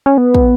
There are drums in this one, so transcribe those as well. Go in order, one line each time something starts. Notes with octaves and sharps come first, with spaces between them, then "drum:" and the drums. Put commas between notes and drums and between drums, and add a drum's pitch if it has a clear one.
C#4
B3
drum: kick